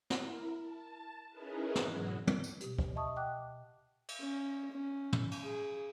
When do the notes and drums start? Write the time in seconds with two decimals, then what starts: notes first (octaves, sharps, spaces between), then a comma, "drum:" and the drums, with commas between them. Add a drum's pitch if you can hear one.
0.10 E4 A#4, drum: snare
0.61 A5
1.29 C#4 D#4 E4 G#4 A#4 B4
1.75 G#2 B2 E3 F#3 F#4, drum: snare
2.27 drum: tom
2.44 drum: tambourine
2.60 B2 G4, drum: hi-hat
2.78 drum: kick
2.96 D#5 E5 A5 C#6 D#6
3.16 F#5 G5 D6 F#6
4.08 drum: cymbal
4.20 C#4
4.71 C#4
5.13 drum: tom
5.31 drum: cymbal
5.43 G#4